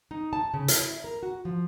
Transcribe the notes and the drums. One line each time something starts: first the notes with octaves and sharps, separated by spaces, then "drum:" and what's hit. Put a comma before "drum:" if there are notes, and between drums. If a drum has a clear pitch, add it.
D#4
A5
C#3
E4, drum: hi-hat
A#4
F#4
F3